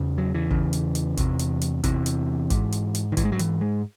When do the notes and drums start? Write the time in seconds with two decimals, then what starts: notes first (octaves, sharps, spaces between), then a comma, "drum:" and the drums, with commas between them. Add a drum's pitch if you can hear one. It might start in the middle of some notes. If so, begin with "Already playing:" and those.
Already playing: E2 C#3
0.18 F#3
0.34 E3
0.50 E2 C#3, drum: kick
0.73 drum: hi-hat
0.95 drum: hi-hat
1.17 E2 C3, drum: kick, hi-hat
1.39 drum: hi-hat
1.61 drum: hi-hat
1.84 E2 C3 E3, drum: kick, hi-hat
2.06 drum: hi-hat
2.50 G#2, drum: kick, hi-hat
2.72 drum: hi-hat
2.95 drum: hi-hat
3.12 D#3
3.17 G#2 E3, drum: kick, hi-hat
3.25 G#3
3.32 F#3
3.39 E3, drum: hi-hat
3.61 G#3